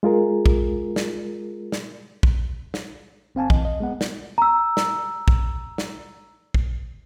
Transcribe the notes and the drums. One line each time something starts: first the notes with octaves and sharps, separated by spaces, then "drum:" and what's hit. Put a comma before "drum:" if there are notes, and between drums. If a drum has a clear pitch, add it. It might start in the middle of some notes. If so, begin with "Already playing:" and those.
G#3 F4 G#4 A#4
drum: kick
drum: snare
drum: snare
drum: kick
drum: snare
G1 C4 F5 G#5 A5
E3 D#5, drum: kick
D#5
G#3 B3 F#5
drum: snare
A#5 E6
drum: snare
drum: kick
drum: snare
drum: kick